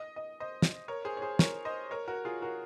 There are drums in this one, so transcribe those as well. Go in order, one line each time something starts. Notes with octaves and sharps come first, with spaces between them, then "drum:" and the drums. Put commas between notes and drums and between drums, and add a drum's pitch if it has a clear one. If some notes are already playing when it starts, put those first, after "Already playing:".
Already playing: D#5
D#5
C5 D#5
drum: snare
A#4 C#5
G#4 C5
C#5
G#4 C5
A#4 C#5, drum: snare
C5 D#5
A#4 C#5
F#4 A#4
F4 G#4
F#4 A#4